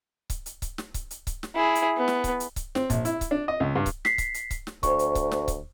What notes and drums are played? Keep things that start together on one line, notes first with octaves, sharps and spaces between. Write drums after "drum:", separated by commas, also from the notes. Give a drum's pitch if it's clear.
drum: kick C#1, hi-hat
drum: hi-hat
drum: kick C#1, hi-hat
drum: snare
drum: kick C#1, hi-hat
drum: hi-hat
drum: kick C#1, hi-hat
drum: snare
E4 G#4
drum: hi-hat
B3
drum: snare
drum: kick C#1, hi-hat
drum: hi-hat
drum: kick C#1, hi-hat
C4, drum: snare
A#1, drum: kick C#1, hi-hat
E4, drum: hi-hat
drum: kick C#1, hi-hat
D4
D#5
C#2
G2
drum: kick C#1, hi-hat
B6 C7, drum: snare
drum: kick C#1, hi-hat
drum: hi-hat
drum: kick C#1, hi-hat
drum: snare
D2 C5 C#6, drum: kick C#1, hi-hat
drum: hi-hat
drum: kick C#1, hi-hat
drum: snare
drum: kick C#1, hi-hat